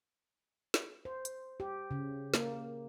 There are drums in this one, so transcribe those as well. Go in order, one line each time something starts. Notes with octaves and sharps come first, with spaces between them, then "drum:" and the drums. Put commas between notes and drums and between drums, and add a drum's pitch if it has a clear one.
drum: snare
C5
drum: hi-hat
G4
C#3
A#3, drum: snare